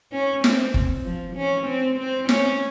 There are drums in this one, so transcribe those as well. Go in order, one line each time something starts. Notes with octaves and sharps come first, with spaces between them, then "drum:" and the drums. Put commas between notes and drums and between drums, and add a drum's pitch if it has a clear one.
C#4
C4, drum: snare
drum: kick F#1
F3
C#4
C4
C4
C#4, drum: snare